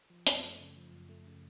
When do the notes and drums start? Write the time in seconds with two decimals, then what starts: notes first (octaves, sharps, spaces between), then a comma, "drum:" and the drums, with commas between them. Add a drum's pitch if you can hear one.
0.10 F3
0.27 F#2, drum: hi-hat
0.42 A3
0.59 C#3
0.77 F3
0.92 F#2
1.09 A3
1.27 C#3